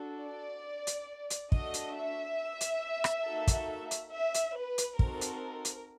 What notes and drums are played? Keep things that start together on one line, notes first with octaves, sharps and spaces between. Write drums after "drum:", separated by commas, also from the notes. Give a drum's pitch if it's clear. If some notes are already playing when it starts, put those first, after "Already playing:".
Already playing: D4 F#4 A4
D5
drum: hi-hat
drum: hi-hat
A3 D4 F#4 A4 D#5, drum: kick
drum: hi-hat
E5
drum: hi-hat
drum: rim click
A#3 D#4 F#4 A4
drum: kick, hi-hat
drum: hi-hat
E5
drum: hi-hat
B4
drum: hi-hat
C4 D#4 F#4 A4 A#4, drum: kick
drum: hi-hat
drum: hi-hat